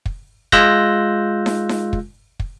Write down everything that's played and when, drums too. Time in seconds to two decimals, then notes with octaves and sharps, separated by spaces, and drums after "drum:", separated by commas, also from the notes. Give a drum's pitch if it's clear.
0.06 drum: kick
0.52 G#3 F4 E6 F#6 G6 A#6, drum: kick
1.46 drum: snare D#4
1.69 drum: snare D#4
1.93 drum: kick
2.40 drum: kick